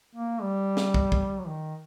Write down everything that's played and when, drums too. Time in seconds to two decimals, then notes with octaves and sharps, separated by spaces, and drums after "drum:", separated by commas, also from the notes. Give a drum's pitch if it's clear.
0.15 A#3
0.42 G3
0.77 drum: snare
0.94 drum: kick
1.12 drum: kick
1.38 F#3
1.47 D#3